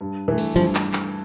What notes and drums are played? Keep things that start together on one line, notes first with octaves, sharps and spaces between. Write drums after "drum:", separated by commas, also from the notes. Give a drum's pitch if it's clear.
G2
E3 A3
drum: cymbal
G2 F3, drum: cymbal
drum: clap
drum: clap